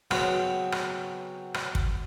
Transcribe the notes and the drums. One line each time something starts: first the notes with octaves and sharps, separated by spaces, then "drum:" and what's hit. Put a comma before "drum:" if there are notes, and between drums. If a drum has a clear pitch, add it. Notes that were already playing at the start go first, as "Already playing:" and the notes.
C#3 F#3 B3 C4, drum: rim click
drum: rim click
drum: rim click
drum: kick